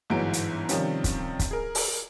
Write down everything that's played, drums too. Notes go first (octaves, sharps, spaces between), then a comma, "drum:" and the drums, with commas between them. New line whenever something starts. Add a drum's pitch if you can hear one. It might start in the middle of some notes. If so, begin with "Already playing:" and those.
G1 G#2 E3 F#3 D7
drum: hi-hat
C3 D#3 F3 G3 C4 C#4, drum: hi-hat
drum: kick, hi-hat
drum: kick, hi-hat
G#4 A#4
drum: open hi-hat